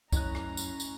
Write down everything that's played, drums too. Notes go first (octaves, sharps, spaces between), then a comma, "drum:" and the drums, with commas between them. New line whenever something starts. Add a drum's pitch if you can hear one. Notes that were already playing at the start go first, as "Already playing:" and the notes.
F#2 A2 C#4 D#5 A#5 F#6, drum: kick, tambourine
drum: rim click
drum: tambourine
drum: tambourine